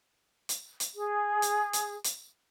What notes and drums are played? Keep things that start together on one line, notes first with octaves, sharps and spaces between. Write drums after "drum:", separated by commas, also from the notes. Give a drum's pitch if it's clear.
drum: hi-hat
drum: hi-hat
G#4
drum: hi-hat
drum: hi-hat
drum: hi-hat